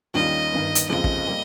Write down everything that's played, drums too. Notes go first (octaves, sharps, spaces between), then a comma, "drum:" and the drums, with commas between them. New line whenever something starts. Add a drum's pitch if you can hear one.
D#2 D#3 G3 C#4 F4 D#5
G1 G2 D#3
drum: hi-hat
F1 D#2 C#3 F3 C4 D#5
drum: kick
G3 A#3